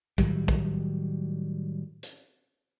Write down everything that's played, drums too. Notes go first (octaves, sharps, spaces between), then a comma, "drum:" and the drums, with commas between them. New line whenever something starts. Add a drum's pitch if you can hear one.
A2 D#3 F#3 G3, drum: kick
drum: kick
drum: hi-hat